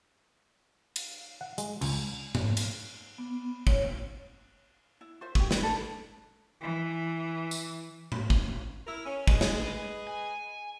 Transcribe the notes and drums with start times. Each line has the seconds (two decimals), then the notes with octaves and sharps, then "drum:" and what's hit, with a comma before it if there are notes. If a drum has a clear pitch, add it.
0.96 drum: cymbal
1.41 F#5
1.58 G#3, drum: hi-hat
1.81 C#2, drum: cymbal
2.35 drum: tom G#2
2.57 drum: cymbal
3.18 B3
3.67 C#5, drum: kick
5.01 E4
5.21 F4 C5 E5
5.35 F#4 G4, drum: kick
5.51 B4, drum: snare
5.63 A4
6.61 E3
7.51 drum: tambourine
8.12 drum: tom A2
8.30 drum: kick
8.86 E4 A#4
9.05 C#4
9.27 G#3 G#4 B4 D#5, drum: kick
9.41 drum: snare
10.07 G#5